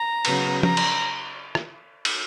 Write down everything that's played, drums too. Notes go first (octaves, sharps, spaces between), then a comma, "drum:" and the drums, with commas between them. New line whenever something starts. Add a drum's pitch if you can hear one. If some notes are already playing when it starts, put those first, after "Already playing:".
Already playing: A#5
C#3 F#3 B3, drum: cymbal
A#5, drum: tom F3
drum: cymbal
drum: rim click
drum: cymbal